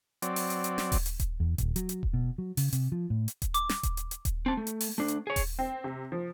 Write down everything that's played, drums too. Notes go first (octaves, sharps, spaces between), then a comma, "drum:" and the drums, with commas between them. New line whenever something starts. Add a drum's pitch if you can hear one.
F#3 C4 D5, drum: hi-hat
drum: open hi-hat
drum: hi-hat
drum: hi-hat
drum: snare
drum: kick D#1, open hi-hat
drum: hi-hat
drum: kick D#1, hi-hat
E2
D#1, drum: kick D#1, hi-hat
F#3, drum: hi-hat
drum: hi-hat
drum: kick D#1
B2
F#3
C#3, drum: open hi-hat
C3, drum: hi-hat
F3
A2
drum: hi-hat
drum: kick D#1, hi-hat
D6, drum: hi-hat
drum: snare
drum: kick D#1, hi-hat
drum: hi-hat
drum: hi-hat
drum: kick D#1, hi-hat
C4 A5
A3
drum: hi-hat
drum: open hi-hat
A3 D4
drum: hi-hat
G#4 C#5
drum: kick D#1, open hi-hat
C4
C3
F3